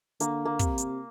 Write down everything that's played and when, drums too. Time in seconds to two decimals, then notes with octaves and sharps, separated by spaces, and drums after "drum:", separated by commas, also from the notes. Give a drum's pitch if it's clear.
0.20 D3 A#3, drum: hi-hat
0.45 A#3
0.59 C3, drum: kick, hi-hat
0.78 drum: hi-hat